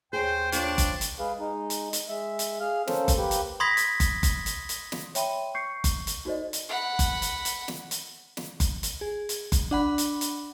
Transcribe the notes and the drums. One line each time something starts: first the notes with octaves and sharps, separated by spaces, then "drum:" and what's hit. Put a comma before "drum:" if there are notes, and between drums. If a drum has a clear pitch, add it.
D#2 G#4 C5 C#5 G5
D4 F4 C5 C#5, drum: hi-hat
drum: kick F#1, hi-hat
drum: hi-hat
G#3 G#4 B4 F5
G#3 D#4
drum: hi-hat
drum: hi-hat
G#3 E5
drum: hi-hat
G#4 F5 F6
A#3 C#4 A4 C5, drum: snare
drum: kick F#1, hi-hat
A#3 G4 B4
drum: hi-hat
B5 C6 D#6 G#6 A#6 B6
drum: hi-hat
drum: kick F#1, hi-hat
drum: kick F#1, hi-hat
drum: hi-hat
drum: hi-hat
drum: snare
C#5 E5 G5 B5 C6 D#7, drum: hi-hat
C#6 G6 C7 C#7
drum: kick F#1, hi-hat
drum: hi-hat
D#4 F#4 A4 C5 D5 D#5
drum: hi-hat
F#5 B5
drum: kick F#1, hi-hat
drum: hi-hat
drum: hi-hat
drum: snare
drum: hi-hat
drum: snare
drum: kick F#1, hi-hat
drum: hi-hat
G#4
drum: hi-hat
drum: kick F#1, hi-hat
D4 F#5 B5
drum: hi-hat
drum: hi-hat